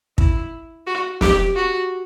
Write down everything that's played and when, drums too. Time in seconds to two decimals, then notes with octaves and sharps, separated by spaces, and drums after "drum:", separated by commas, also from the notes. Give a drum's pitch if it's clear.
0.18 E4, drum: kick
0.87 F#4
1.21 G4, drum: snare
1.55 F#4